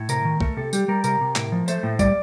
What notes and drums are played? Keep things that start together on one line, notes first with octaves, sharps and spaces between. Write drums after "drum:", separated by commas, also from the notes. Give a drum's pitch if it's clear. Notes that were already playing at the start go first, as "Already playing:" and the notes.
Already playing: A2
C3 A#4, drum: tambourine
D#3
A3 A#4, drum: kick
C3 A4
G3 G4, drum: tambourine
G3 A#4
C3 A#4, drum: tambourine
C3
A2 A#4, drum: clap
F3
A3 C5, drum: tambourine
A2
G3 D5, drum: kick, tambourine